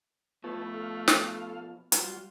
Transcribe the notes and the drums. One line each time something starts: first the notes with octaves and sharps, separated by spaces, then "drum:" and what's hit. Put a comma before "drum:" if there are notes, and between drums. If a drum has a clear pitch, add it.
B2 F3 A3 F4 B4 A5
A4 F5
drum: snare
G3 F4 F#4, drum: hi-hat